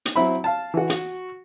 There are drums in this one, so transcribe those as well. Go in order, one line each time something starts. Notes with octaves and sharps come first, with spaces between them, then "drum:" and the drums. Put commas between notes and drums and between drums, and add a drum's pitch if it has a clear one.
drum: hi-hat
F#3 C4 E4 E5 B5
F5 A5
E3 F#4
F#4, drum: hi-hat